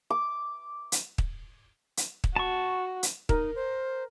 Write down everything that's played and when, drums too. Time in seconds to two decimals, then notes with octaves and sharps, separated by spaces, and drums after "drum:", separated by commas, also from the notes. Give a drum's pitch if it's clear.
0.10 D6
0.92 drum: hi-hat
1.18 drum: kick
1.97 drum: hi-hat
2.24 drum: kick
2.36 F#4 A5 C#6
3.03 drum: hi-hat
3.29 D#4 A#4, drum: kick
3.55 C5